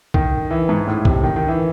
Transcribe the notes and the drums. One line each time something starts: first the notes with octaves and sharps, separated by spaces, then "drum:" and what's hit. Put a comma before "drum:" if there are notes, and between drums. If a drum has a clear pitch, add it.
D#3, drum: kick C2
E3
G#2
A2
C3, drum: kick C2
D#3
D#3
E3